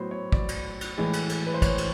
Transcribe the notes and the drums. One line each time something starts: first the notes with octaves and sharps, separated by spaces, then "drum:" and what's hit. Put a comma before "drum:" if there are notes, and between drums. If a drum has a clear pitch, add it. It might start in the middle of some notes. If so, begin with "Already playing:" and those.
Already playing: A2 F#3 B3 C5 C#5
C#5
D5, drum: kick
drum: cymbal
drum: cymbal
A2 E3 G#3
drum: cymbal
drum: cymbal
B4
C5
C#5, drum: kick, cymbal
drum: cymbal